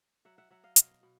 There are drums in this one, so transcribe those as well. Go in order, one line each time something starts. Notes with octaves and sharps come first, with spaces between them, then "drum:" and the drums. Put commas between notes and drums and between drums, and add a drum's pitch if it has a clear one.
F#3 E5 F#5
E5 F#5
F#3 E5 F#5
D#5 F5
B2 D#5 F5, drum: hi-hat
B2